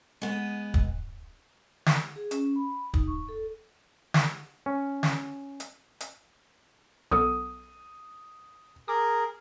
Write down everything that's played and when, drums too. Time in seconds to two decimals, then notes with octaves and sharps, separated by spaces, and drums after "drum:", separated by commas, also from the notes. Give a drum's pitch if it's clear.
0.22 G#3 B3
0.74 drum: kick
1.86 drum: snare
2.16 G#4
2.31 C#4, drum: hi-hat
2.56 B5
2.94 D#4, drum: kick
3.07 C#6
3.29 A4
4.14 drum: snare
4.66 C#4
5.03 drum: snare
5.60 drum: hi-hat
6.00 drum: hi-hat
7.11 B1 B3 A4 D#6
8.88 G#4 A#4 D6